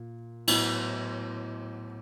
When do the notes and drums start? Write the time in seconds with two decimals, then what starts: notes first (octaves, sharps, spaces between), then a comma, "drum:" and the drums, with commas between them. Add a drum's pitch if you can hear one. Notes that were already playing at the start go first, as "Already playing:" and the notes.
Already playing: A#2
0.47 A2 F#3 B3 E4, drum: cymbal